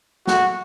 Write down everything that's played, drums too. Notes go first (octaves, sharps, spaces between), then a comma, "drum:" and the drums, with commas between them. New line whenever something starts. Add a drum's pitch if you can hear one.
F#4, drum: snare